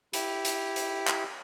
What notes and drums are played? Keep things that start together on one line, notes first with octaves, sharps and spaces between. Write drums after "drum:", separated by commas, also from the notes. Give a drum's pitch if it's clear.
E4 G4, drum: hi-hat
drum: hi-hat
drum: hi-hat
drum: clap